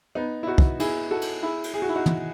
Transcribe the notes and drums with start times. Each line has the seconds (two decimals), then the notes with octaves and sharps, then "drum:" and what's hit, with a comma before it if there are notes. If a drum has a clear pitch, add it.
0.15 B3 D#4
0.43 E4
0.47 D#4 F#4
0.58 drum: kick
0.80 E4 G#4, drum: cymbal
1.11 F#4 A4
1.21 drum: cymbal
1.42 E4 G#4
1.64 drum: cymbal
1.74 G#4
1.82 F#4
1.89 E4
1.96 D#4 F#4
2.06 drum: tom